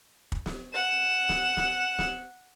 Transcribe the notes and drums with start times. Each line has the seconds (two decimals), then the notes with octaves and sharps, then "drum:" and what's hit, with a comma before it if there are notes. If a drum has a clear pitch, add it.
0.32 drum: kick
0.46 drum: snare
0.74 F#5 E7
1.29 drum: snare
1.57 drum: snare
1.99 drum: snare